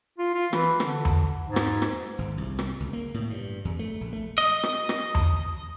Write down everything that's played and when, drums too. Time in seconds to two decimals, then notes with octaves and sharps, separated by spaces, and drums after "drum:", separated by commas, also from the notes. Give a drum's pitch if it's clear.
0.18 F4
0.34 F4
0.53 E3, drum: rim click
0.80 D3, drum: rim click
1.05 drum: tom E2
1.47 G#2
1.56 drum: rim click
1.82 drum: rim click
2.19 G#1
2.38 C2
2.59 drum: rim click
2.80 C#2
2.93 A#3
3.14 A2
3.30 G2
3.65 E2
3.79 A3
4.01 A#1
4.13 A3
4.38 D#5
4.63 drum: rim click
4.89 drum: rim click
5.15 drum: tom E2